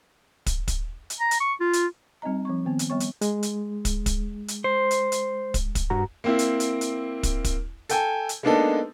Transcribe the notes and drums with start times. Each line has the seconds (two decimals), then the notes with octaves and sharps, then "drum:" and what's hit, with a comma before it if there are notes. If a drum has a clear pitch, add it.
0.46 drum: kick, hi-hat
0.68 drum: kick, hi-hat
1.10 drum: hi-hat
1.20 A#5
1.31 drum: hi-hat
1.40 C#6
1.60 F4
1.73 drum: hi-hat
2.22 G3 C4 D#4 D#5 A#5
2.45 F3 C4 C#6
2.65 D#3 B3 C4
2.79 drum: hi-hat
2.90 G3 B3 C#5 C#6
3.00 drum: hi-hat
3.21 G#3, drum: hi-hat
3.43 drum: hi-hat
3.85 drum: kick, hi-hat
4.06 drum: kick, hi-hat
4.48 drum: hi-hat
4.64 C5
4.91 drum: hi-hat
5.12 drum: hi-hat
5.54 drum: kick, hi-hat
5.75 drum: kick, hi-hat
5.90 G2 F#4 A#5
6.24 A#3 C4 E4
6.39 drum: hi-hat
6.60 drum: hi-hat
6.81 drum: hi-hat
7.23 drum: kick, hi-hat
7.44 drum: kick, hi-hat
7.89 A4 G5 G#5, drum: hi-hat
8.29 drum: hi-hat
8.43 G#3 A#3 B3 D4 D#4 A4